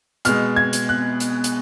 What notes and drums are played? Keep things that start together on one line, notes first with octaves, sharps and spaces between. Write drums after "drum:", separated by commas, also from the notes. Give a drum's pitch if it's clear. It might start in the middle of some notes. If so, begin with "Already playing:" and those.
B2 G#3 F6, drum: hi-hat
G#6
drum: hi-hat
F#6
drum: hi-hat
drum: hi-hat